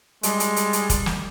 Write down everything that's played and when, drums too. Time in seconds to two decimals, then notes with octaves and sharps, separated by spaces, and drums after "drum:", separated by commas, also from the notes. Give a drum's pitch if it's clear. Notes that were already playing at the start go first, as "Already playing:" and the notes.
0.23 G3 G#3, drum: hi-hat
0.40 drum: hi-hat
0.56 drum: hi-hat
0.73 drum: hi-hat
0.90 drum: kick, hi-hat
1.06 drum: snare